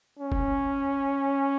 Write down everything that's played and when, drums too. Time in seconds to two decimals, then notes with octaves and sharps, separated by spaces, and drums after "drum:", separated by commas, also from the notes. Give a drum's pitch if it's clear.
0.19 C#4
0.32 drum: kick F1